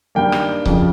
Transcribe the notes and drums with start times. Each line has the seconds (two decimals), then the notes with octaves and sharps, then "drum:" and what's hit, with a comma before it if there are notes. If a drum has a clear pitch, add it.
0.15 G2 D#3 A#3 G5
0.32 drum: rim click
0.65 F2 C#3 F3, drum: kick C#1